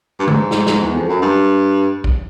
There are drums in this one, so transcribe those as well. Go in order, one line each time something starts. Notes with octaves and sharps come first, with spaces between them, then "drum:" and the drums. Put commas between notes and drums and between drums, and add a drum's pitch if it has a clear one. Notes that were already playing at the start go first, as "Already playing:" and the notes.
G2
G#2, drum: tom
drum: snare
drum: snare
E2
F2
F#2
G2
drum: kick A#1